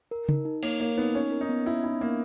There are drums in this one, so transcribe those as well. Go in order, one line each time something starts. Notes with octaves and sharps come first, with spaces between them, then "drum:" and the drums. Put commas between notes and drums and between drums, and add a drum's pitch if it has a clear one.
A#4
D#4, drum: tom C#3
D#4
A#3 C#5, drum: cymbal
A#3 A#4
B3 D#4
B3 C#4
A#4
D#4
B3
B3 E4
D#4 E4
A#3 B3